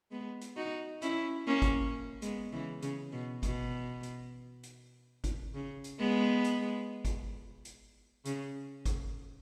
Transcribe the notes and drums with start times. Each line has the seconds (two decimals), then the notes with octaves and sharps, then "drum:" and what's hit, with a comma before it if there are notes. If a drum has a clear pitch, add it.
0.11 G#3 B3
0.41 drum: hi-hat
0.56 D#4 F#4
1.02 C#4 E4, drum: hi-hat
1.47 A#3 C#4
1.62 drum: kick G#1, hi-hat
2.22 G#3 B3, drum: hi-hat
2.52 C#3 E3
2.82 C#3, drum: hi-hat
3.13 B2
3.43 B2, drum: kick G#1, hi-hat
4.03 drum: hi-hat
4.63 drum: hi-hat
5.24 drum: kick G#1, hi-hat
5.54 C#3
5.84 drum: hi-hat
5.99 G#3 B3
6.44 drum: hi-hat
7.05 drum: kick G#1, hi-hat
7.65 drum: hi-hat
8.25 C#3, drum: hi-hat
8.85 drum: kick G#1, hi-hat